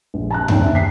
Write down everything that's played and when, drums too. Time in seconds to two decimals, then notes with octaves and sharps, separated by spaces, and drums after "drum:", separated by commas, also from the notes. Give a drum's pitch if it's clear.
0.14 A#1
0.31 A5 A#5 F#6
0.48 F#1 D#2 D4 G5, drum: tom F#2
0.61 E5
0.75 B6 C7